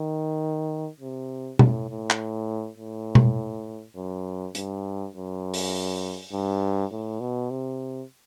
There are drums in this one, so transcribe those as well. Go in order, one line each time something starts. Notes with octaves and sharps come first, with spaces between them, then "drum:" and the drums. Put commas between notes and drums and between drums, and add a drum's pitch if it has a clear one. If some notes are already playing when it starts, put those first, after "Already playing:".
Already playing: D#3
C3
A2, drum: tom B2
A2
drum: clap
A2
drum: tom B2
F#2
G2, drum: hi-hat
F#2
drum: open hi-hat
G2
A2
B2
C3